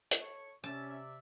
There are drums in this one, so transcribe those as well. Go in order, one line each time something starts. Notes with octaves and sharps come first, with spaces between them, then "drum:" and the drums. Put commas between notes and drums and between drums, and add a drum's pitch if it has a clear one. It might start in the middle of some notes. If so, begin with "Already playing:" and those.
drum: hi-hat
A4 C#5 C#6
C3 C#4 D5 E5 A5